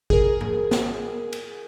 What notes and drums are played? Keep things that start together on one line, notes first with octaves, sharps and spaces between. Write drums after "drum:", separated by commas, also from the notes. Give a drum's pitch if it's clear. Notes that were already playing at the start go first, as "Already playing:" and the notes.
G#4 A#4, drum: kick G#1
drum: tom G#2
drum: snare
drum: cymbal